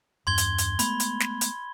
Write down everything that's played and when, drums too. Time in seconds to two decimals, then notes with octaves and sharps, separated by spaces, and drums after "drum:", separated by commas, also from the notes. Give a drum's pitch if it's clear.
0.27 E2 G2 D4 C6 G#6 G7
0.38 drum: hi-hat
0.58 drum: hi-hat
0.79 G#3 A3 B3 B5, drum: hi-hat
1.00 drum: hi-hat
1.20 drum: snare
1.41 drum: hi-hat